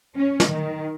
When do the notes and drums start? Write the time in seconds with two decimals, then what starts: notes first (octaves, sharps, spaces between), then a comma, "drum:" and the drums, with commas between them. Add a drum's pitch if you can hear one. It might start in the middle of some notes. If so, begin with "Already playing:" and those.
0.16 C#4
0.40 drum: snare
0.49 D#3